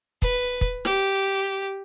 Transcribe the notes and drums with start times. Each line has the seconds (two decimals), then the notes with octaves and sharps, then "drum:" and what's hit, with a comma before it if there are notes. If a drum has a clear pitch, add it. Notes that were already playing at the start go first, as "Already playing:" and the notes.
0.22 B4, drum: kick
0.61 drum: kick
0.85 G4, drum: snare